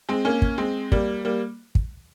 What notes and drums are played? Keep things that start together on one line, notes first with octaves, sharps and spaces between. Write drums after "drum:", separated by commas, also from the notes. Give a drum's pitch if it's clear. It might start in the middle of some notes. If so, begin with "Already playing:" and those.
G#3 C4
A#3 C#4
drum: kick
G#3 C4
G3 A#3, drum: kick
G3 A#3
drum: kick